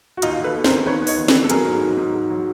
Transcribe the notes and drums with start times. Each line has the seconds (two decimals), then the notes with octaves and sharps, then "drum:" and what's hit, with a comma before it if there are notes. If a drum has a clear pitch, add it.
0.17 F#4
0.22 D#2 D#4 F4, drum: hi-hat
0.38 D#2
0.44 A4 B4
0.55 B3
0.64 A#4 C5, drum: snare
0.70 D#2
0.86 D#3 B4 C#5
1.02 B3
1.07 C#5 D#5, drum: open hi-hat
1.18 D#3
1.28 A4 B4, drum: snare
1.34 D#3
1.44 A4
1.50 F#3 G#4 A#4, drum: hi-hat
1.66 G#2
1.82 G#2
1.97 G#2
2.14 G#2
2.30 F#3